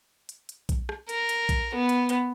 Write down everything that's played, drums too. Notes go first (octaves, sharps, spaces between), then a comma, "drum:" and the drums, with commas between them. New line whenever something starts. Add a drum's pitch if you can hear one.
drum: hi-hat
drum: hi-hat
drum: kick B1, hi-hat
drum: rim click
A#4, drum: hi-hat
drum: hi-hat
drum: kick B1, hi-hat
B3
drum: hi-hat
drum: hi-hat